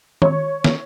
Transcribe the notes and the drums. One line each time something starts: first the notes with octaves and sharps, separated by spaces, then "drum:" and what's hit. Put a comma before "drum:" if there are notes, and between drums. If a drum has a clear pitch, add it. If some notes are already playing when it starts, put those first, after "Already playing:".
C#5 C#6, drum: tom D#3
drum: snare